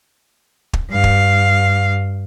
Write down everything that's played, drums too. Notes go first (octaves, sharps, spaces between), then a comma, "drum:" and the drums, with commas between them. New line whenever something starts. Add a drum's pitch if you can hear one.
drum: kick
G2 F5
drum: kick